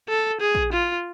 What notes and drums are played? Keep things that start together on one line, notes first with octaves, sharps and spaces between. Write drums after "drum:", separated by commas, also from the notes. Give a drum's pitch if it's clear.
A4
G#4
drum: kick A#1
F4